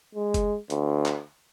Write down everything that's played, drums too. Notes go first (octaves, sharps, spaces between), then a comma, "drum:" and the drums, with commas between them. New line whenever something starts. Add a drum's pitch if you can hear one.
G#3
drum: kick F#1, hi-hat
D2, drum: hi-hat
drum: clap